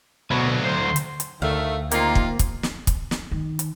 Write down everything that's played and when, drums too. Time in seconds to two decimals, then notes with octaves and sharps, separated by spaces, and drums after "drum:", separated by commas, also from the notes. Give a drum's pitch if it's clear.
0.31 D2 B2 F#3 B4
0.64 C5
0.96 drum: hi-hat
1.20 drum: hi-hat
1.42 D2 D#3 A3 F5
1.91 C3 D#3 A#3 F4, drum: hi-hat
2.15 drum: kick
2.39 drum: kick, hi-hat
2.63 drum: snare
2.87 drum: kick, hi-hat
3.11 drum: snare
3.31 D#3
3.59 drum: hi-hat